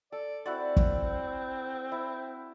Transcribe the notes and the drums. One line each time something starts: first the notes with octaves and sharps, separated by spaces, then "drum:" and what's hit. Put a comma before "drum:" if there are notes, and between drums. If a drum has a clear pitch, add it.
A4 D5
C4 E4 F#4 D5
drum: kick
E4